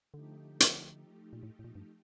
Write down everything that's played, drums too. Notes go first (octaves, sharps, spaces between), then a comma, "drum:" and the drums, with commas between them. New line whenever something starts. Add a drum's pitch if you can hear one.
D3 F3 A3 D#4 G4
drum: hi-hat
A#2
A2
A2
A#2
G2